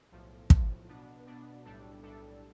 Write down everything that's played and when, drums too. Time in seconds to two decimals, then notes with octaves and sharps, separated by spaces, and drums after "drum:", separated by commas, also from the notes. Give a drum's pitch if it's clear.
0.12 B1 A2 F3
0.50 B1 A2 F3, drum: kick
0.88 B2 B3 D4
1.27 B2 B3 D4
1.64 B1 A2 G3 D4 A4
2.03 B1 A2 G3 D4 A4